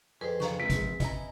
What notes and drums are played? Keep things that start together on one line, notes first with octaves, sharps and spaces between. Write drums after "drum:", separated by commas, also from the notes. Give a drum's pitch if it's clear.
F2 G#4 B4 C5
F5 A#5 C#6, drum: snare
A#1 F3 G#3 C4 B6
drum: kick G#1, hi-hat
E4 D#5 G#5 A#5, drum: kick G#1, hi-hat